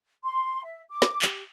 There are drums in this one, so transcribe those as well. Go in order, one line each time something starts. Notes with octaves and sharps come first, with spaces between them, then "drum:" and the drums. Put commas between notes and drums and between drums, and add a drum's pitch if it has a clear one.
C6
E5
D6
drum: snare
G4, drum: clap